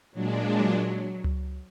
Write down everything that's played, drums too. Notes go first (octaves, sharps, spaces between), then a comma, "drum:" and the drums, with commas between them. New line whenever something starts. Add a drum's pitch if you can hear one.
A#2 F#3 G#3 D4
F#3
drum: tom C#2